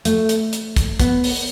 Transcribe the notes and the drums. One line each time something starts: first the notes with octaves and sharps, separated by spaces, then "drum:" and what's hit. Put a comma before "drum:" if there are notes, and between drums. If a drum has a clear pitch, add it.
A3, drum: hi-hat
drum: hi-hat
drum: hi-hat
drum: kick, hi-hat
B3, drum: kick, hi-hat
drum: open hi-hat